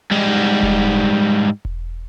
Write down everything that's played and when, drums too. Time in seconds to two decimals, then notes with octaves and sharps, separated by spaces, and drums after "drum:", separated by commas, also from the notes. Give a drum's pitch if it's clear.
0.12 G#2 G3
0.63 drum: kick E1
1.65 drum: kick E1